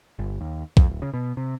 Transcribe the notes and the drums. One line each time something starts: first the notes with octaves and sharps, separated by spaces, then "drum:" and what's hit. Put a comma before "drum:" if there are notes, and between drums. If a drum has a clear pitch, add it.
G1
D#2
F2, drum: kick
D1
C#3
B2
C3